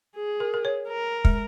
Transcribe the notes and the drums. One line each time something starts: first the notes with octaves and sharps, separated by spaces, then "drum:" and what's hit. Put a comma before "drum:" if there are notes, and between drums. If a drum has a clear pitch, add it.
G#4
A#4
A#4
C#5
A#4
G#3, drum: kick